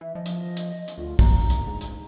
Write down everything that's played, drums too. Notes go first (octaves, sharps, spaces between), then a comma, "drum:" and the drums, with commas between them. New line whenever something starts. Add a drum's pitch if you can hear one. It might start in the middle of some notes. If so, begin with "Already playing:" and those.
E3 E5
F3 D#5
drum: hi-hat
drum: hi-hat
drum: hi-hat
D2 F4
D2 A#5, drum: kick, open hi-hat
drum: hi-hat
G#2
drum: hi-hat